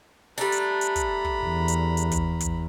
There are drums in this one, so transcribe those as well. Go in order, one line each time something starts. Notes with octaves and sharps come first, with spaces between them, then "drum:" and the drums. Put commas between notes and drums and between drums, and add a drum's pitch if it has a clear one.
G3 A3 D4 A#5 B5, drum: open hi-hat
drum: hi-hat
drum: hi-hat
drum: kick, hi-hat
drum: kick
E2
drum: hi-hat
drum: hi-hat
drum: kick, hi-hat
drum: kick, hi-hat